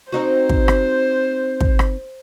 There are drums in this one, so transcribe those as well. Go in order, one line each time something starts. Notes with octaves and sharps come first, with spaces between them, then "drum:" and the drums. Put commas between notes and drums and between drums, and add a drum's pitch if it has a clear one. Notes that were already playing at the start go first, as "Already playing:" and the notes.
C4 D#4 F#4 C5
drum: kick
drum: rim click
drum: kick
drum: rim click